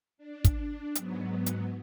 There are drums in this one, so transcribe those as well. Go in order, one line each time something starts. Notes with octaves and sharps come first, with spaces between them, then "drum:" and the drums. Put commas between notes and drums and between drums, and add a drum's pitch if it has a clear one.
D4
drum: kick, hi-hat
G#2 F#3 B3, drum: hi-hat
drum: hi-hat